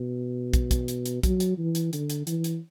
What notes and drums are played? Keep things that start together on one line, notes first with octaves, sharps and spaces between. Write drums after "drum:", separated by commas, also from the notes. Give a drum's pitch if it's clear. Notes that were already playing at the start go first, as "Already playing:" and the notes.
Already playing: B2
drum: kick, hi-hat
drum: kick, hi-hat
drum: hi-hat
drum: hi-hat
F#3, drum: kick, hi-hat
drum: hi-hat
E3
drum: hi-hat
D3, drum: hi-hat
drum: hi-hat
E3, drum: hi-hat
drum: hi-hat